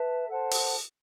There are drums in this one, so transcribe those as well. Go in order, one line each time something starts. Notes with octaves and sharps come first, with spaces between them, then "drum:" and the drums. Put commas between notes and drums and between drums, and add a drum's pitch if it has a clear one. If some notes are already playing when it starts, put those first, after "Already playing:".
Already playing: B4 E5 A5
A4 C5 F#5 A5
drum: open hi-hat